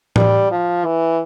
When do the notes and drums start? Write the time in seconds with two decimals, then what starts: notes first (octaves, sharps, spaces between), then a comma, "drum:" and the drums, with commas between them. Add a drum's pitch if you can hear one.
0.16 G3, drum: tom A2
0.51 F3
0.85 E3